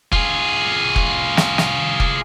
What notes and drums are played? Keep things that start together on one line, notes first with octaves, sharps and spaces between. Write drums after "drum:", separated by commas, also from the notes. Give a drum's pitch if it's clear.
F4 G#4, drum: kick F1
drum: kick F1
drum: snare
drum: snare
drum: kick F1